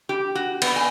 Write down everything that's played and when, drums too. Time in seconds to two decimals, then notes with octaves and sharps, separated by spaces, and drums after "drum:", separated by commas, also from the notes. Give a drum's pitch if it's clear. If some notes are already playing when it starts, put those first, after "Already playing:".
0.09 G4
0.35 F#4
0.62 B3, drum: cymbal
0.76 G#5